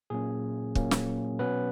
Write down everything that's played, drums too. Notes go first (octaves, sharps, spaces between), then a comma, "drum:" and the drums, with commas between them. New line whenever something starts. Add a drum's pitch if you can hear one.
A#2 F#3 A#3 C#4 G#4
A#2 F#3 A#3 C#4, drum: kick
drum: snare
B2 F#3 B3 C#4 B4